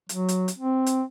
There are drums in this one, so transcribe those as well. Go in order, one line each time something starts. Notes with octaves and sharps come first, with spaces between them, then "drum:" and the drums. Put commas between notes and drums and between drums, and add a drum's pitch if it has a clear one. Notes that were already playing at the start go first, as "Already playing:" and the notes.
F#3, drum: hi-hat
drum: hi-hat
drum: hi-hat
C4
drum: hi-hat